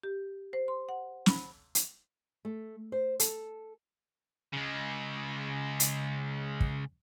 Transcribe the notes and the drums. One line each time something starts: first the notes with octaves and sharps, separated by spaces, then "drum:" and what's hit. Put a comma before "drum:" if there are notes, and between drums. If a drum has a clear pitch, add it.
G4
C5
C6
F#5
B5, drum: snare
drum: hi-hat
A3
C5
A4, drum: hi-hat
C#3 G#3
drum: hi-hat
drum: kick